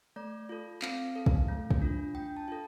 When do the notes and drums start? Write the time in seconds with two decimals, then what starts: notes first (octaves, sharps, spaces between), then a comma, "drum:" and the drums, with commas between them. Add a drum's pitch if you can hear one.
0.16 A3 D5
0.49 F4 A4
0.82 C4 F5, drum: clap
1.15 A4
1.26 drum: kick
1.48 A3
1.71 drum: kick
1.82 D4 F4
2.15 D4 G5
2.37 A5
2.48 F4 A4